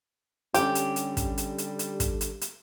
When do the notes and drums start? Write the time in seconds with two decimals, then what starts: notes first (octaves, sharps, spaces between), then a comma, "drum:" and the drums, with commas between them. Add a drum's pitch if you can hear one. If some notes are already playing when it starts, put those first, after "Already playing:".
0.54 D3 G3 C#4 G4, drum: hi-hat
0.75 drum: hi-hat
0.96 drum: hi-hat
1.17 drum: kick, hi-hat
1.38 drum: hi-hat
1.58 drum: hi-hat
1.79 drum: hi-hat
2.00 drum: kick, hi-hat
2.21 drum: hi-hat
2.41 drum: hi-hat